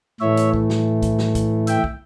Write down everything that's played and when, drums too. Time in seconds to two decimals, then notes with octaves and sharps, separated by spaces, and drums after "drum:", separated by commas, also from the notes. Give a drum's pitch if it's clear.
0.20 A2 E3 A3 C#5 E5
0.37 drum: hi-hat
0.54 drum: kick
0.70 drum: snare
1.02 drum: kick, hi-hat
1.19 drum: snare
1.35 drum: kick, hi-hat
1.67 E5 G5, drum: hi-hat
1.84 drum: kick